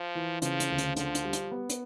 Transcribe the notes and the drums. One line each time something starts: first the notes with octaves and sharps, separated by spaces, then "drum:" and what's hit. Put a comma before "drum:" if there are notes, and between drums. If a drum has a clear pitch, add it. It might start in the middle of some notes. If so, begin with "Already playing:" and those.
Already playing: F3
E3
C#3 F3, drum: hi-hat
drum: hi-hat
D2
drum: hi-hat
D3 F3, drum: hi-hat
drum: hi-hat
G3
drum: hi-hat
B3
drum: hi-hat